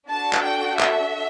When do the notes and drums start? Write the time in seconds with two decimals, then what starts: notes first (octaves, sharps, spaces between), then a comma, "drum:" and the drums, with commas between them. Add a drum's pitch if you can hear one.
0.10 D4 F#4 A4 A5
0.33 drum: clap
0.44 G5
0.79 E5, drum: clap